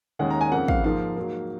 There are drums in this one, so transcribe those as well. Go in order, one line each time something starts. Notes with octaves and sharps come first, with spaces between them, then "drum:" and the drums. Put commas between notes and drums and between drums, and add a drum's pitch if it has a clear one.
D#2 D#3 G#3 C#4 F#5
A#5
G#5
F2 C#3 F3 A#3 F#5
F5, drum: kick
G#2 F3 A#3 F5
G#2 F#3 A#3